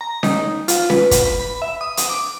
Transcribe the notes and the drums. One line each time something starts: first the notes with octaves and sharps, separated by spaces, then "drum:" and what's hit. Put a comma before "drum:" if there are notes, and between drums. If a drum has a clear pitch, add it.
A#5
D#4, drum: snare C#4
F4, drum: hi-hat
B4, drum: snare C#4
drum: kick, hi-hat
B5
E5
D#6
drum: hi-hat
D6